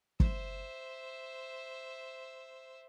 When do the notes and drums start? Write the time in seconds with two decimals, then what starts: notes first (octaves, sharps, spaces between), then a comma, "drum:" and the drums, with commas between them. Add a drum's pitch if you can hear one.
0.20 C5 E5, drum: kick